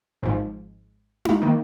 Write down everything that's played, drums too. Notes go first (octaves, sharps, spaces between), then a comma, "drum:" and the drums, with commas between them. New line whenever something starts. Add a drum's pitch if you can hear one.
G#1 G#2 F3
drum: tom D#4
D#3 A#3